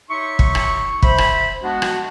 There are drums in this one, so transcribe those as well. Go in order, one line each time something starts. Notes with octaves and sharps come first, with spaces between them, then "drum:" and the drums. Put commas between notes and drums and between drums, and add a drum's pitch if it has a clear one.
D#4 G4 C#5 E5 C6 C#6
drum: kick
drum: rim click
C5 E5 B5, drum: kick
drum: rim click
G#3 B3 D4 F#4
drum: rim click